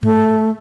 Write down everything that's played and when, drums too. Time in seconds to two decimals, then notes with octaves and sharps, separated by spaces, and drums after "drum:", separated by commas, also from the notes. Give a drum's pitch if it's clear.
0.03 A3, drum: tom G2